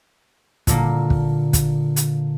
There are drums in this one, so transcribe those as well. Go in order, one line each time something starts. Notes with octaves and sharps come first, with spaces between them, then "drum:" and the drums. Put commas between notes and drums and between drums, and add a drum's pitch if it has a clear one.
A#2 D3 A#3, drum: kick, hi-hat
drum: kick
drum: kick, hi-hat
drum: hi-hat